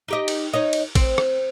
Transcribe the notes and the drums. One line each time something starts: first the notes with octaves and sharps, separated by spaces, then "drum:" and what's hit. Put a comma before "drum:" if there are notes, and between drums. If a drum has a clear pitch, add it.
D#4 G4 D#5
drum: cymbal
D#4 C#5 D#5
drum: cymbal
C4, drum: kick, cymbal
drum: rim click